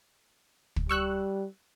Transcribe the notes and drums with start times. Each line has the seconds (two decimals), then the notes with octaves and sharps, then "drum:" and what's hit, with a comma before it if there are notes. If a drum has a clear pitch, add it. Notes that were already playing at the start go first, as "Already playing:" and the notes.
0.76 drum: kick
0.89 G3 C#6 E6 F#6